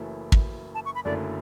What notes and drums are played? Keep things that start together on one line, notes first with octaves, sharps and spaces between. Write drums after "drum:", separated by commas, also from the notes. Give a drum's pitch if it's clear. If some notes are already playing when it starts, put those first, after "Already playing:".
Already playing: F#1 F#2 E3 A3 E4
drum: kick
A5
C#6
B5
F#1 F#2 D3 A3 E4 D5